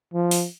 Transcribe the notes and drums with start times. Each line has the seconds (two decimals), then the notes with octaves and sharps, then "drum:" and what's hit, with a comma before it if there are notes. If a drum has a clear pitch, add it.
0.14 F3
0.31 drum: open hi-hat